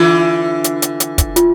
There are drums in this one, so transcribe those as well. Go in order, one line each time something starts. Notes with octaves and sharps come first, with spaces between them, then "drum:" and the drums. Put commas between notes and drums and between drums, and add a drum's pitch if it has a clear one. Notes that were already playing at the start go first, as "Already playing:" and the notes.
Already playing: D3 E3 F4
drum: hi-hat
drum: hi-hat
drum: hi-hat
drum: kick, hi-hat
F4, drum: hi-hat